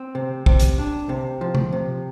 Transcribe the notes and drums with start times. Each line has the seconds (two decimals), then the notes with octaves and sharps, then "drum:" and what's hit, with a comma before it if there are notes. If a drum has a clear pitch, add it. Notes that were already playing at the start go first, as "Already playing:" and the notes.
Already playing: C4
0.15 C3
0.46 C3, drum: kick
0.60 drum: hi-hat
0.78 D4
1.09 C3
1.41 F3
1.55 drum: tom C3
1.73 C3